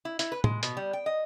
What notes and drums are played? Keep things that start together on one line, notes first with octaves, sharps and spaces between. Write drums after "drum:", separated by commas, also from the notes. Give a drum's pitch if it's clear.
E4
E4, drum: hi-hat
B4
G#3, drum: tom
B2, drum: hi-hat
G3
G5
D#5